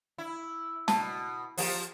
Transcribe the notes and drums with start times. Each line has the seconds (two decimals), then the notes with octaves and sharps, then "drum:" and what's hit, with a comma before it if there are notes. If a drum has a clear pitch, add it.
0.18 E4
0.88 B2 A5, drum: snare
1.57 F3 A#3 G4, drum: open hi-hat